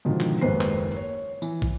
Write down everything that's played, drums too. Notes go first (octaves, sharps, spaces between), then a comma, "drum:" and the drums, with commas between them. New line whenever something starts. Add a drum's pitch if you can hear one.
G#2 B2 D3 D#3 F3
drum: clap
F#1 D#2 G#2 B4 C5 C7
drum: clap
C#5
E3, drum: tambourine
drum: kick